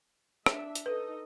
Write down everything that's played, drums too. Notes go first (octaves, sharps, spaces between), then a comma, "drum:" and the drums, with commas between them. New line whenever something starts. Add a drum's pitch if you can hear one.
D4 E5, drum: rim click
drum: hi-hat
D#4 A4 B4 D#5